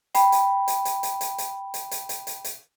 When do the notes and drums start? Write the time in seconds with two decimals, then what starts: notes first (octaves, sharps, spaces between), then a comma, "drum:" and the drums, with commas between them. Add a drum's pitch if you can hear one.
0.15 G5 B5, drum: hi-hat
0.32 drum: hi-hat
0.68 drum: hi-hat
0.85 drum: hi-hat
1.03 drum: hi-hat
1.21 drum: hi-hat
1.38 drum: hi-hat
1.74 drum: hi-hat
1.91 drum: hi-hat
2.09 drum: hi-hat
2.27 drum: hi-hat
2.44 drum: hi-hat